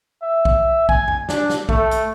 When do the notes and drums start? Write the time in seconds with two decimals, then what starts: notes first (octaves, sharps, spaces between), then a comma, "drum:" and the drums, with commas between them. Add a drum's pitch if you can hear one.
0.22 E5
0.45 drum: kick B1
0.89 G#5, drum: kick B1
1.08 drum: tom F2
1.29 D4, drum: snare
1.50 drum: snare
1.69 A3, drum: kick B1
1.91 drum: hi-hat